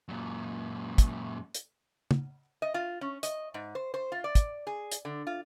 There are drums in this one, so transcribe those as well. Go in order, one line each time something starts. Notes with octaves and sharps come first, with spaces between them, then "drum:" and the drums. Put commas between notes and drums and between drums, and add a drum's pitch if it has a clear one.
F#2 A#2
drum: kick, hi-hat
drum: hi-hat
drum: tom
D#5
F4
C#4
D#5, drum: hi-hat
G#2
C5
C5
F4
D5
drum: kick, hi-hat
G#4
drum: hi-hat
D3
F4